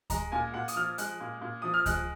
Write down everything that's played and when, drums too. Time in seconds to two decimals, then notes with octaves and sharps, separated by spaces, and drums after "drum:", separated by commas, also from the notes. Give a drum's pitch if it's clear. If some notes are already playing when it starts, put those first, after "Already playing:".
0.10 G#3 A#5, drum: kick D2, hi-hat
0.32 A#2 G#5
0.54 A#2 F#5
0.68 D#6, drum: hi-hat
0.76 F3 F6
0.98 G#3 F#6, drum: hi-hat
1.20 A#2
1.41 A#2
1.62 F3 D#6
1.74 F6
1.86 G#3 F#6, drum: kick D2, hi-hat